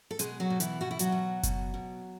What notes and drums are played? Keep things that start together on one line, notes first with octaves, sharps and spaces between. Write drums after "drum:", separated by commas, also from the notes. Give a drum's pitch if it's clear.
A4
B2 G#3 G#4, drum: hi-hat
F#3 F#4
B2
E3 E4, drum: hi-hat
B2 F#4
E4
F#3 F#4, drum: hi-hat
B2
B2, drum: kick F#1, hi-hat
B2